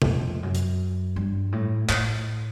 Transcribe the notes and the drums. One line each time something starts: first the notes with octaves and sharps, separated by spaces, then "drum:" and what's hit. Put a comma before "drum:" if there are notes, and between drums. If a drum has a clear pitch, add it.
E2, drum: tom C3
F2
F#2
drum: hi-hat
G2
A2
A2, drum: clap